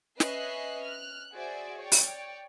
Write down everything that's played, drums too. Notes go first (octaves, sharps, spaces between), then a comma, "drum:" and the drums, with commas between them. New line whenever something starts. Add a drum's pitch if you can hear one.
C#4 B4 D#5 E5 F#6 C7, drum: snare
F6 F#6
F#4 G#4 C5 D5 E5
C#5 D5 G5
drum: open hi-hat